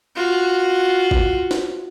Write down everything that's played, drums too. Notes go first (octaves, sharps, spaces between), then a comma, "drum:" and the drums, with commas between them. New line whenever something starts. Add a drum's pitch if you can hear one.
F4 F#4
drum: kick
drum: snare